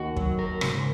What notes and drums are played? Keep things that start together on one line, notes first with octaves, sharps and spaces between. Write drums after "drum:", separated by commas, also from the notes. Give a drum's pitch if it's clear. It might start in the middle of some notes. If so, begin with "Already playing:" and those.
Already playing: D#2 D#3 F#4
F#3, drum: kick
A#4
G#2 C#3, drum: rim click